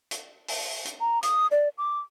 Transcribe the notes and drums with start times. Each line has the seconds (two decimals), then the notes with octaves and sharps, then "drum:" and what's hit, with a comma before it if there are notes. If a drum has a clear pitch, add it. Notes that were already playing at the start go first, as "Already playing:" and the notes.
0.11 drum: hi-hat
0.48 drum: open hi-hat
0.85 drum: hi-hat
1.01 A#5
1.23 D#6, drum: hi-hat
1.51 D5
1.78 D6